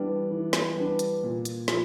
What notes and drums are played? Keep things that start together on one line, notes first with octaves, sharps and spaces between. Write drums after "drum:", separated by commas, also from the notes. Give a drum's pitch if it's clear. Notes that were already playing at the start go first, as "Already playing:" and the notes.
Already playing: E3 G3 B3 D4
E3
drum: snare
G3 B3 D4
drum: hi-hat
A#2
drum: hi-hat
F3, drum: snare